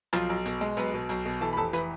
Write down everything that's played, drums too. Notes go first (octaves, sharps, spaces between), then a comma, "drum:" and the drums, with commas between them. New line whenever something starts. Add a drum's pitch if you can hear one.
B1 F3 F4, drum: rim click
B1
B2, drum: hi-hat
G#3
B1 B3 B4, drum: hi-hat
B2
B1, drum: hi-hat
B2
E3 A4 A5
B5
F1 A4 A5
E3 B4 B5, drum: hi-hat